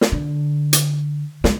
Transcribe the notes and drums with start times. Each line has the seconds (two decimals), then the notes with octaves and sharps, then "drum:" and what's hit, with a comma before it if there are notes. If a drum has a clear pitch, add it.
0.01 drum: snare
0.12 D3
0.73 drum: hi-hat
1.44 G#3, drum: snare